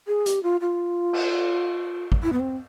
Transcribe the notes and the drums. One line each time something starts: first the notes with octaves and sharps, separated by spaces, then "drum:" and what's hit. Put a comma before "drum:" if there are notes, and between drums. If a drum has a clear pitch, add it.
G#4
G4, drum: hi-hat
F4
F4
drum: cymbal
drum: kick
E4
B3
C4